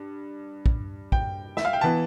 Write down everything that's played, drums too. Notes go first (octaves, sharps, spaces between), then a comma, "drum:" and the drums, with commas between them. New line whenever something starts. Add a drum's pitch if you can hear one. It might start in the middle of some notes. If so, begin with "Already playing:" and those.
Already playing: G2
drum: kick
G5, drum: kick
E5, drum: snare
F5
G5
E3 B3 A5